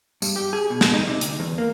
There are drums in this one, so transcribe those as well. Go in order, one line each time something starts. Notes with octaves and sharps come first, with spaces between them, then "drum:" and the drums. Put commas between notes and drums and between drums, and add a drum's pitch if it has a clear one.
G2, drum: tambourine
G4
G#4
B2
drum: snare
D#4
C3
D2, drum: hi-hat
E2
A#3